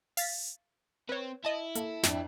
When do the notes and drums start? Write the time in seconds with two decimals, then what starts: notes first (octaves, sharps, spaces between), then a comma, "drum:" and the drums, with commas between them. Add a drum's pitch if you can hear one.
0.17 F5 A6 B6, drum: open hi-hat
1.09 C4 B4 C#5
1.45 E4 D#5 A5
1.75 A#3 A4, drum: hi-hat
2.03 F2 D4 E5, drum: snare